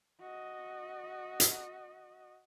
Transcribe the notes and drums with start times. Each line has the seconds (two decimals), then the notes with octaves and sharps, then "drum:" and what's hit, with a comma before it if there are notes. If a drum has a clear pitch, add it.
0.21 F#4 D#5
1.40 drum: hi-hat